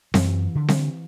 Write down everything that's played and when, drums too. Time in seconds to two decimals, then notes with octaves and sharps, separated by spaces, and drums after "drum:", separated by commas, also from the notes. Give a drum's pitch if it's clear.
0.14 F#2 E3, drum: snare C4
0.55 D3
0.68 drum: snare C4